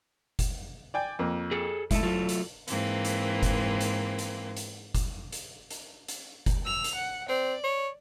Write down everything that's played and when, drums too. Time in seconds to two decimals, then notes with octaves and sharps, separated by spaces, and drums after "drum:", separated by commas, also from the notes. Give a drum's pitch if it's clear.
0.39 drum: kick F#1, hi-hat
0.94 D5 G5 G#5
1.19 F2 A#3
1.51 G#4 A4
1.91 G#3 A3 E4 A4, drum: kick F#1, hi-hat
2.03 F#3 A3 F4
2.29 drum: hi-hat
2.68 G#2 E3 A#3 C4, drum: hi-hat
3.05 drum: hi-hat
3.43 drum: kick F#1, hi-hat
3.81 drum: hi-hat
4.19 drum: hi-hat
4.57 drum: hi-hat
4.95 drum: kick F#1, hi-hat
5.32 drum: hi-hat
5.70 drum: hi-hat
6.08 drum: hi-hat
6.46 drum: kick F#1, hi-hat
6.65 E6 F7
6.84 drum: hi-hat
6.95 F#5
7.29 C4 D5
7.64 C#5